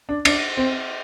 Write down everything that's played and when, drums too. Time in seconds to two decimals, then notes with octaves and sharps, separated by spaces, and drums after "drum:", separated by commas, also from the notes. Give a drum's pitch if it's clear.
0.09 D4
0.25 D4, drum: cymbal
0.57 C4